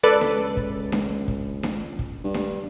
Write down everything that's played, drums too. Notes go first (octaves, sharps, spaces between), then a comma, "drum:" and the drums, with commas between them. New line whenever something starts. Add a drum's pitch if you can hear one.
C#2 A4 B4 D5
drum: snare D4
drum: kick
drum: snare D4
drum: kick
drum: snare D4
drum: kick
G2
drum: snare D4